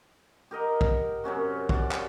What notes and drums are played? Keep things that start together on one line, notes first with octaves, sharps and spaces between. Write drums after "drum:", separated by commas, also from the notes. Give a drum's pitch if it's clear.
G4 A#4 D#5 F#5
drum: kick
F#2 C3 C#4 F#4
F#4 D5, drum: kick
drum: clap